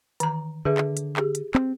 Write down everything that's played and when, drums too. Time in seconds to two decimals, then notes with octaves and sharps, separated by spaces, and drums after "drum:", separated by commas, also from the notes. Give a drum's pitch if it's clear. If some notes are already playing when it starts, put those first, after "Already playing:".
0.20 D#3 E3 A#5, drum: hi-hat
0.65 D3 G#4 B4 E5
0.78 drum: clap
0.97 drum: hi-hat
1.17 G4 G#4, drum: clap
1.35 drum: hi-hat
1.55 C4, drum: clap